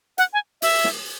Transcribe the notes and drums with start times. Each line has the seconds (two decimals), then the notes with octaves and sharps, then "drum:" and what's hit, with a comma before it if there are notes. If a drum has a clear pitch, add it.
0.18 F#5, drum: hi-hat
0.33 G#5
0.62 E5, drum: open hi-hat
0.84 drum: snare